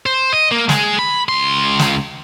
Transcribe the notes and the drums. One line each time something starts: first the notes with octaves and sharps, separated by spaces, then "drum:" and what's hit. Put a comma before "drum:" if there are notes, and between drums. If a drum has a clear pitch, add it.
C5
D#5
A#3
G#3 G#4, drum: snare
B5
C#2 C6
drum: snare